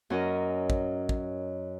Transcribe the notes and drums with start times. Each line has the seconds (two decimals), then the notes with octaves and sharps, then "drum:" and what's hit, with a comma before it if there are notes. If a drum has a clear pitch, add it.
0.10 F#2 C#4 A#4 D#5
0.70 drum: kick
1.09 drum: kick